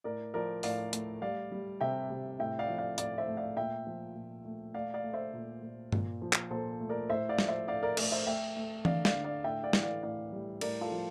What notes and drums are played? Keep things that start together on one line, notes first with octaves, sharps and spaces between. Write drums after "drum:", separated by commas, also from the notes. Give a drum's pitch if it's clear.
A2 A#4 D5
F3 A#4 D5
A2 D5 F5, drum: open hi-hat
A3, drum: hi-hat
G3 D5 F5
G3
C3 E5 G5
C3
A2 E5 G5
D5 F5
F3
D5 F5
A2 D5 F5, drum: hi-hat
C5 E5
A3
D5 F5
A#2 E5 G5
F3
A#2
A3
A3 D5 F5
D5 F5
A3
C5 E5
A#2
A#2
A#2, drum: tom G2
F3
drum: clap
A#2 A4 C5
A3
A#4 D5
A2 C5 E5
D5 F5
F3, drum: snare
C5 E5
A2 D5 F5
A#4 D5
A3 A#4 D5, drum: cymbal
C5 E5
A3 E5 G5
A3
D3 D5 F5, drum: tom E3
D5 F5, drum: snare
D3
D5 F5
A2 E5 G5
D5 F5
E3, drum: snare
D5 F5
A2 D5 F5
G3
A2 A#4 D5, drum: cymbal
F4 A4
F3